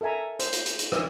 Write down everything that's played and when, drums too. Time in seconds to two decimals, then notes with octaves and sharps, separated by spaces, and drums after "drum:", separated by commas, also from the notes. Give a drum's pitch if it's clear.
0.01 A4 A#4 E5 G#5 A#5
0.39 C5, drum: hi-hat
0.53 drum: hi-hat
0.66 drum: hi-hat
0.79 drum: hi-hat
0.92 drum: rim click